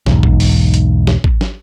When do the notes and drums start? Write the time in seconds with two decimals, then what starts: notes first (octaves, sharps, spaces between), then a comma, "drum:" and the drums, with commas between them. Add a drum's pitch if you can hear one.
0.06 B1 E2 G#2, drum: snare
0.23 drum: kick
0.40 drum: open hi-hat
0.74 drum: hi-hat
1.07 drum: snare
1.24 drum: kick
1.41 drum: snare